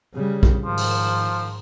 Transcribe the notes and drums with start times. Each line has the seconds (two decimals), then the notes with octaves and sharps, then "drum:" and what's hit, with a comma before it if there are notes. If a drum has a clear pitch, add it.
0.14 C#3 G3
0.43 drum: kick
0.65 G#2 D#3 F3
0.77 drum: open hi-hat